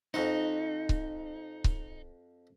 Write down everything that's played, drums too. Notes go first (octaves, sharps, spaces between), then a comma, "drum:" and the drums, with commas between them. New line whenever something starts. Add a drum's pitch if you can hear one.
F2 D#4 F#4 C5
drum: kick C#1
drum: kick C#1